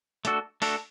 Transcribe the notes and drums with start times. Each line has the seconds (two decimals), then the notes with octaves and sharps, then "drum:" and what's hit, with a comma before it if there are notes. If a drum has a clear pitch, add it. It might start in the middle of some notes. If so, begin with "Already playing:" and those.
0.25 A3 D4 F#4 A4, drum: hi-hat
0.62 A3 D4 F#4 A4, drum: open hi-hat